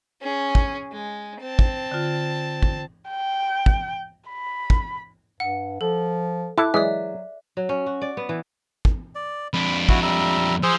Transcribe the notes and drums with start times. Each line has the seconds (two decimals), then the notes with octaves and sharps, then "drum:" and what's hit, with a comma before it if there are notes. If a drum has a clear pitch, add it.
0.22 C#4 G#4
0.55 drum: kick
0.92 G#3
1.41 C4 A5
1.59 drum: kick
1.92 D3 F4
2.63 drum: kick
3.10 G5
3.66 drum: kick
4.29 B5
4.70 drum: kick
5.40 G2 F#5
5.81 F3 A4
6.58 E4 A4 D6 F#6
6.74 E3 F#3 G#3 D5 E5
7.57 F#3
7.69 C#4
7.86 F#4
8.02 D5
8.17 B3
8.29 E3
8.85 drum: kick
9.15 D5
9.54 F2 D4 B5
9.89 E4 F#4, drum: kick
10.03 G3 E5 A#5
10.63 F3 G#4 C5 E6